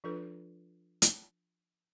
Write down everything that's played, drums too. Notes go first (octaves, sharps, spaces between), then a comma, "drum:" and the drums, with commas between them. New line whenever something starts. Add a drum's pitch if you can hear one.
F3 D4 F4 A4 B4
drum: hi-hat